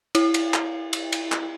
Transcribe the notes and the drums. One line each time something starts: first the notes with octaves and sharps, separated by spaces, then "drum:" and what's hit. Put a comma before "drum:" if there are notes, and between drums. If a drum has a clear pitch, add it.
E4, drum: cymbal
drum: cymbal
drum: clap
drum: cymbal
drum: cymbal
drum: clap